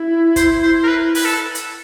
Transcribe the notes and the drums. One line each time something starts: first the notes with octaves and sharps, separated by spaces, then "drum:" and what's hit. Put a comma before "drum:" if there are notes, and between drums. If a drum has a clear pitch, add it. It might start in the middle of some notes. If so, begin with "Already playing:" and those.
Already playing: E4
C5, drum: kick, hi-hat
C5
A#4
B4
B4, drum: open hi-hat
A4
drum: hi-hat